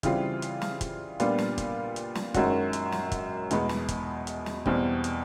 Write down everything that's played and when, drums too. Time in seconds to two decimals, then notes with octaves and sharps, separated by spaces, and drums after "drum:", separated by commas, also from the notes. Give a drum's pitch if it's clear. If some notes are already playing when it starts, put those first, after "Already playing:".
0.03 C#3 E3 G3 C4 F4, drum: kick, hi-hat
0.42 drum: hi-hat
0.61 drum: snare
0.81 drum: kick, hi-hat
1.20 A#2 G3 B3 D4 F4, drum: hi-hat
1.38 drum: snare
1.58 drum: kick, hi-hat
1.96 drum: hi-hat
2.15 drum: snare
2.34 F#2 D#3 G#3 C#4 F#4, drum: kick, hi-hat
2.73 drum: hi-hat
2.92 drum: snare
3.12 drum: kick, hi-hat
3.51 E2 B2 G#3 B3, drum: hi-hat
3.69 drum: snare
3.88 drum: kick, hi-hat
4.27 drum: hi-hat
4.46 drum: snare
4.66 E2 B2 G3 C4, drum: kick
5.04 drum: hi-hat